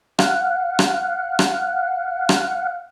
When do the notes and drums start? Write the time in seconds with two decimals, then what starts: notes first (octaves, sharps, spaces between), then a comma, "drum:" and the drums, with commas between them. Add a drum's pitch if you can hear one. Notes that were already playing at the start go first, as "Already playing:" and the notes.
0.19 F5 F#5, drum: rim click
0.79 drum: rim click
1.39 drum: rim click
2.29 drum: rim click